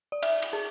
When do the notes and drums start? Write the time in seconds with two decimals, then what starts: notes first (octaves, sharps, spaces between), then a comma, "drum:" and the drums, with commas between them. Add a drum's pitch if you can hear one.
0.12 D5
0.23 E5, drum: cymbal
0.42 drum: cymbal
0.53 G#4